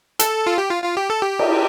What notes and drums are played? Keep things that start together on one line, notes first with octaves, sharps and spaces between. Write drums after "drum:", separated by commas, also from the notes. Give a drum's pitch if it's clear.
A4, drum: hi-hat
F4
G4
F4
F4
G4
A4
G4
drum: cymbal